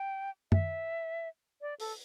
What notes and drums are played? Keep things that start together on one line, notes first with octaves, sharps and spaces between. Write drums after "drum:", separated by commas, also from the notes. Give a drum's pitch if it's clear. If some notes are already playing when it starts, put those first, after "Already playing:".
Already playing: G5
E5, drum: tom F#2
D5
A4, drum: open hi-hat